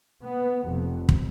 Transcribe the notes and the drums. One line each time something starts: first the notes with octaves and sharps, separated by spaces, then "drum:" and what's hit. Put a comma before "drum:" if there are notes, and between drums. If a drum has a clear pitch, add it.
B3
F1 F2 C3
drum: kick